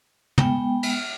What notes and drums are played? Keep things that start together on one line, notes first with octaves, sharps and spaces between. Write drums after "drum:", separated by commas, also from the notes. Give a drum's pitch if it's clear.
G#3 B3 G5, drum: tom
drum: cymbal